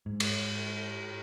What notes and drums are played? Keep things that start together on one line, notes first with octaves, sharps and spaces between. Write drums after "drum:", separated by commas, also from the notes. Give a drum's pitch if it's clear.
G#2
drum: cymbal